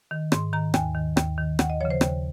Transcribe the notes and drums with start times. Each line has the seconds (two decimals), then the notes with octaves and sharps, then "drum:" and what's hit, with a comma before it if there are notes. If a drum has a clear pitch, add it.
0.11 D#3
0.32 G#2 C6, drum: rim click
0.53 D#3 A#5
0.74 D#2 G#5, drum: rim click
0.95 D#3
1.17 D#2, drum: rim click
1.38 D#3
1.59 D#2 F#5, drum: rim click
1.70 D#5
1.81 C#3 F3 C#5
1.90 C5
2.01 D#2, drum: rim click